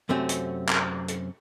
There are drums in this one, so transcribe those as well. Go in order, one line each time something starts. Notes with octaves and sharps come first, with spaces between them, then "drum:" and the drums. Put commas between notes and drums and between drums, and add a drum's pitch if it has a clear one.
F#2 C3 A3 C4 C#4
drum: hi-hat
drum: clap
drum: hi-hat